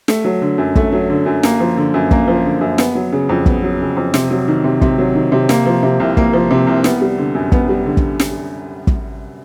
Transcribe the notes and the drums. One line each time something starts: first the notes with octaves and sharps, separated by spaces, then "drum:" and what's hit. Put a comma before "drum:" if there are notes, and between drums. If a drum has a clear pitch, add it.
A3, drum: snare
F#3
D3
F#2
A3, drum: kick
F#3
D3
F#2
A#3, drum: snare
F3
D3
F#2
A#3, drum: kick
F3
D3
F#2
B3, drum: snare
F#3
C#3
F2
B3, drum: kick
F#3
C#3
F2
C3, drum: snare
F#3
D#3
C3
C3, drum: kick
F#3
D#3
C3
A#3, drum: snare
F3
C3
C2
A#3, drum: kick
F3
C3
C2
B3, drum: snare
G3
D3
F#2
B3, drum: kick
G3
D3
drum: kick
drum: snare
drum: kick